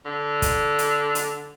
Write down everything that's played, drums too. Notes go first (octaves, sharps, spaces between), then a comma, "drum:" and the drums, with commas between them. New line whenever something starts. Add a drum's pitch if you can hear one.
D3
drum: kick, hi-hat
drum: hi-hat
drum: hi-hat